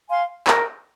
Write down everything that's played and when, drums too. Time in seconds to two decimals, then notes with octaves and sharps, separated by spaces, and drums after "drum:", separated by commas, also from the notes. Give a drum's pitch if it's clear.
0.09 F5 G#5 C6
0.47 A#4, drum: clap